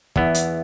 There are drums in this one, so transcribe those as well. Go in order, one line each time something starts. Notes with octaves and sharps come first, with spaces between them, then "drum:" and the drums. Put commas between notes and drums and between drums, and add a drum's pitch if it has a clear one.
E2 E3 B3 E4, drum: kick
drum: hi-hat